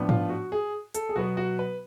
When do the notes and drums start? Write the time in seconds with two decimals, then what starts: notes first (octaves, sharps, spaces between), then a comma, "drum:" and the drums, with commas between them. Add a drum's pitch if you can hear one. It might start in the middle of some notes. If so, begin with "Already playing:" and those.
Already playing: A2 F3 B3 D4
0.09 F4, drum: tom G#2
0.29 F#4
0.52 G#4
0.94 A4, drum: hi-hat
1.09 G#4
1.16 B2 F#3 B3 F#4
1.37 F#4
1.59 B4